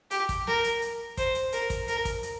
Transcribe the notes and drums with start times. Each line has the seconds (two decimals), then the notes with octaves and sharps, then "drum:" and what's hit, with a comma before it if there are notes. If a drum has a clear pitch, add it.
0.11 G4, drum: hi-hat
0.29 drum: kick, hi-hat
0.47 A#4, drum: snare
0.64 drum: hi-hat
0.82 drum: hi-hat
1.17 C5, drum: kick, hi-hat
1.35 drum: hi-hat
1.52 A#4, drum: hi-hat
1.70 drum: kick, hi-hat
1.88 A#4, drum: hi-hat
2.05 drum: kick, hi-hat
2.23 drum: hi-hat